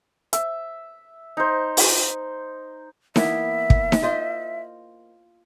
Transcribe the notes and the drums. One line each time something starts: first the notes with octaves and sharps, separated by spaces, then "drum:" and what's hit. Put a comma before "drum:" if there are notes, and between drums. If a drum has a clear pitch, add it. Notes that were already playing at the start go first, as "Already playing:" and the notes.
E5, drum: hi-hat
D#4 C5
drum: open hi-hat
E3 A#3 B3 E5, drum: snare D#4
drum: kick
drum: snare D#4
F4 C5 D#5